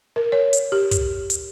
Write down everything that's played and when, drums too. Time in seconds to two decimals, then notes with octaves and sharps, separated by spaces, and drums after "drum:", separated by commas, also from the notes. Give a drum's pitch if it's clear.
0.16 A#4
0.32 C#5
0.53 drum: hi-hat
0.72 G4
0.91 drum: kick, hi-hat
1.30 drum: hi-hat